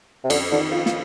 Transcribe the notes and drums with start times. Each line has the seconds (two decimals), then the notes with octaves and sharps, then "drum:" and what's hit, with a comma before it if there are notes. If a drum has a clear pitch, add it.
0.24 C3
0.30 F2 D3, drum: cymbal
0.52 D3 D#3
0.71 F4
0.86 drum: snare